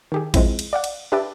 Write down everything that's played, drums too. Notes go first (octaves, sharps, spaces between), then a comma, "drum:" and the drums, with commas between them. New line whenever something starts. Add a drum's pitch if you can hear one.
D#3 G4 G#4
F3 G#3 C4 E4, drum: kick A1, cymbal
drum: cymbal
D5 F5 F#5
drum: cymbal
D4 G4 B4 E5 A5 D6